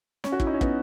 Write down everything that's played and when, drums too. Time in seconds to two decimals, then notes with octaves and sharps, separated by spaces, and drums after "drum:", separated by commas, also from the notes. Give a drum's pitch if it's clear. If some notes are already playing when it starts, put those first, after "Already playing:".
0.24 C#4, drum: snare
0.32 F#4
0.40 E4, drum: kick
0.47 D#4
0.54 C#4
0.61 B3, drum: kick